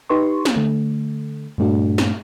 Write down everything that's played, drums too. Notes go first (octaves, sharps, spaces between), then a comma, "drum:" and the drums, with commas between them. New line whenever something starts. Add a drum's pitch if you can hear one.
D#4 G4 B4 C6 C#6
drum: snare
D3 A3
G2 A#2 A3 D4 F#4
drum: snare